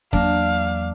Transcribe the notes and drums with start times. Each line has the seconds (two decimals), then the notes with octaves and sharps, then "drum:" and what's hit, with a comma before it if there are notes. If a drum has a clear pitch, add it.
0.13 E2 F#3 A#3 D4 F5, drum: kick